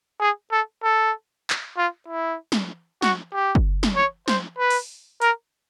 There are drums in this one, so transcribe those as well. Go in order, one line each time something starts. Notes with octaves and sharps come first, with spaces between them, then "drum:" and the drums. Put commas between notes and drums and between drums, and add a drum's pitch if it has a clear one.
G#4
A4
A4
drum: clap
F4
E4
drum: snare
F#4, drum: snare
G4
drum: kick F#1
drum: snare
C#5
C5, drum: snare
B4
drum: open hi-hat
A#4, drum: hi-hat